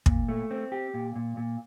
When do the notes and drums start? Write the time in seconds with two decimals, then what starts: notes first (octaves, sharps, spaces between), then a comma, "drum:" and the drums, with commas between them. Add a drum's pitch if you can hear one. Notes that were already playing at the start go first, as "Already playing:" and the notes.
0.06 A#2, drum: kick
0.29 A3
0.51 C4
0.72 G4
0.94 A#2
1.16 A#2
1.37 A#2